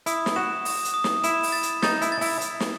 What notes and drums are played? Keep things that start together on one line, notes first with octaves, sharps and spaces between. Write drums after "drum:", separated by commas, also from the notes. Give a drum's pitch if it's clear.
E4 D#6, drum: hi-hat
drum: snare
F#4 E7
D#6, drum: open hi-hat
drum: hi-hat
D#6
drum: snare
E4 E7, drum: hi-hat
drum: open hi-hat
A6
drum: hi-hat
D#4 A6, drum: snare
E4, drum: hi-hat
A6
E4, drum: open hi-hat
drum: hi-hat
drum: snare